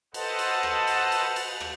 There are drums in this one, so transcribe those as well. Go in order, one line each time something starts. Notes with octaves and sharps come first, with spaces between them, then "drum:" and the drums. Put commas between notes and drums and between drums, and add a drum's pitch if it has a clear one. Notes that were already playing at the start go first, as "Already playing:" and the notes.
A4 B4 C5 D#5 F#5 A5, drum: cymbal
drum: cymbal
drum: rim click
drum: cymbal
drum: cymbal
drum: cymbal
drum: rim click